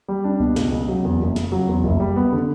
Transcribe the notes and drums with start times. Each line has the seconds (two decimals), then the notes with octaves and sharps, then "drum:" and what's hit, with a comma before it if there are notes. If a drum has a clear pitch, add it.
0.08 G3
0.24 D4
0.40 B2, drum: kick C#2
0.56 C#2, drum: snare
0.72 C#3
0.88 F#3, drum: tom B2
1.04 E2
1.20 F#1
1.36 C#3, drum: snare
1.52 F#3
1.68 E2
1.84 F#1, drum: kick C#2
2.00 G3
2.16 B3
2.33 D3